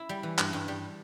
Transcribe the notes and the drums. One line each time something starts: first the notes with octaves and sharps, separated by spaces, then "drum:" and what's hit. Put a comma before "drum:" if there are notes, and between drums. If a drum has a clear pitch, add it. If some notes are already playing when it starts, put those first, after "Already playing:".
Already playing: E4
G3
E3
G2, drum: clap
G2
G3